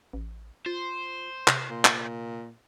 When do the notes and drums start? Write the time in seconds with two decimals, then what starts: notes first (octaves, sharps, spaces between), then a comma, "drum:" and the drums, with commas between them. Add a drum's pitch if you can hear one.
0.13 A1
0.66 F4 C5
1.48 C3, drum: clap
1.70 A#2
1.85 drum: clap